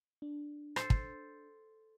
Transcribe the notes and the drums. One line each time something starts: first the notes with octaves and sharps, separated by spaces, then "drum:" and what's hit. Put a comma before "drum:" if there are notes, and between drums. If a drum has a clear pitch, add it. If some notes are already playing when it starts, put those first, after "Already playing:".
D4
A4 C5, drum: rim click
drum: kick